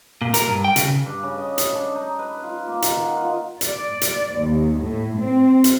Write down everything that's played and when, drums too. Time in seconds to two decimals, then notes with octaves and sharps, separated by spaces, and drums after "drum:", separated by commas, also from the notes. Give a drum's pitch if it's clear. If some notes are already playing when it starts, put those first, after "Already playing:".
0.21 A#2
0.34 A#4, drum: hi-hat
0.48 G2
0.64 G5
0.76 C#3, drum: hi-hat
1.06 G2
1.23 C#3
1.38 D#5
1.58 drum: hi-hat
1.75 D4
1.95 D#4
2.19 B4
2.43 F4
2.68 A#3
2.82 D#3, drum: hi-hat
3.02 F#5
3.17 F4
3.61 D5, drum: hi-hat
4.01 drum: hi-hat
4.37 D#2
4.78 A2
5.19 C4
5.64 drum: hi-hat